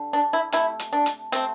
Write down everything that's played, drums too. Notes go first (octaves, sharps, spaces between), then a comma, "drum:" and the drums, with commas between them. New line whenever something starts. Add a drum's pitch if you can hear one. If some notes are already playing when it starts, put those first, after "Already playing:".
Already playing: D3 G3
D4
E4
C3 A3 E4, drum: hi-hat
drum: hi-hat
D4
drum: hi-hat
C3 A3 C4, drum: hi-hat